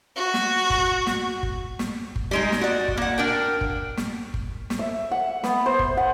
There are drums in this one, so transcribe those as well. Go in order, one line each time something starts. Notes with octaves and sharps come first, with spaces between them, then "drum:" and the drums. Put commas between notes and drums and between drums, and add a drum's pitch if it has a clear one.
F#4
drum: snare
drum: kick G1
drum: snare
drum: kick G1
drum: snare
drum: kick G1
G3 G#3 D#4
drum: snare
F#4 D5
drum: kick G1
A#3 F#5
D4 A#4 G5
drum: kick G1
drum: snare
drum: kick G1
drum: snare
E5
F#5
B3, drum: snare
C5
drum: kick G1
F#5